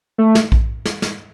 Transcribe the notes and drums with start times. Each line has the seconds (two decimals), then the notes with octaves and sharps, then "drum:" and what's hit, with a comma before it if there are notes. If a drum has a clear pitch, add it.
0.18 A3
0.35 drum: snare
0.52 drum: kick A#1
0.85 drum: snare
1.02 drum: snare